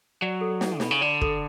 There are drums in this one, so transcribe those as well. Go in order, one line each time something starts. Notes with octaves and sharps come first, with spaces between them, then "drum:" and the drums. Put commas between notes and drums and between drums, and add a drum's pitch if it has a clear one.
F#3 D5
A4
F#5, drum: snare
B2 B5, drum: snare
C#3
D3 D5
A4, drum: kick